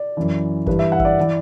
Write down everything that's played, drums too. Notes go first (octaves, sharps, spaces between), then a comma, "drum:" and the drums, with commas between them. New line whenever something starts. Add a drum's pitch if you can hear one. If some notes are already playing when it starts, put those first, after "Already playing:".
Already playing: D5
F#2 E3
G2 E3 B4, drum: kick G#1
E5
F#5
E5, drum: kick G#1
D5
E3